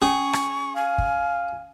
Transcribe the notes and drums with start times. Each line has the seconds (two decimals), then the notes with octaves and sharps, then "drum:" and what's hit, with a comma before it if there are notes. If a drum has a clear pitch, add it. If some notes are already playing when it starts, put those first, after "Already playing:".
0.02 C#4 G#4 C#6
0.33 drum: rim click
0.76 F5 G#5
0.98 drum: kick